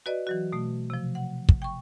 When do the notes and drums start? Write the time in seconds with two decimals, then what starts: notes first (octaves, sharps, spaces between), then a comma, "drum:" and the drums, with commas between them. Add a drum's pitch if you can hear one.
0.06 F#4 B4 D5 D#5
0.27 E3 F#3 F#4
0.53 B2 A3
0.90 C3 F3
1.15 F#5
1.49 drum: kick
1.62 G5 C#6